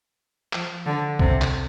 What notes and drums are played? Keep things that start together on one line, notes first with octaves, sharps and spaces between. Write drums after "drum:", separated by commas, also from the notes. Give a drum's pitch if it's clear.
F3, drum: clap
D3
C3, drum: kick B1
drum: clap